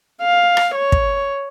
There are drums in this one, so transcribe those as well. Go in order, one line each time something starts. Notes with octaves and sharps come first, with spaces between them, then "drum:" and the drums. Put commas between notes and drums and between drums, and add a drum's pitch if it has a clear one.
F5
drum: rim click
C#5
drum: kick